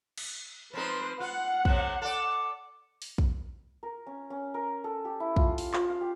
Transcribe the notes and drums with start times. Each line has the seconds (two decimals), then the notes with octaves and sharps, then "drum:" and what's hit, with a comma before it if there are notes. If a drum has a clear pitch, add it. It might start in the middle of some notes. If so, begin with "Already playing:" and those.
0.18 drum: cymbal
0.74 F3 C4 D#4 B4 C6
1.20 F4 F#5
1.65 A2 C3 F3, drum: kick
2.02 A4 D5
3.02 drum: open hi-hat
3.18 drum: kick
3.83 A#4
4.06 C#4
4.30 C#4
4.54 A#4
4.84 A4
5.05 G4
5.20 E4
5.36 F4, drum: kick
5.58 drum: open hi-hat
5.74 F4, drum: clap
5.90 F5
6.01 G4